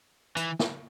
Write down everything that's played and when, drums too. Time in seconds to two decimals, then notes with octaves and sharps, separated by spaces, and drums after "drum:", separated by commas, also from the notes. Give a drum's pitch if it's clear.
0.37 E3, drum: hi-hat
0.59 drum: snare